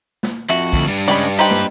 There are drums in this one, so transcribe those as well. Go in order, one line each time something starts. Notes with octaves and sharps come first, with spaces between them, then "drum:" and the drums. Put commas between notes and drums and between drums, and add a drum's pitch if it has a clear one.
drum: snare
F2 F#4 E5
D2, drum: kick
G3 D4, drum: hi-hat
C#3 G#3 D5 G5 B5
drum: hi-hat
D#4 G4 B4 C5 G5
drum: snare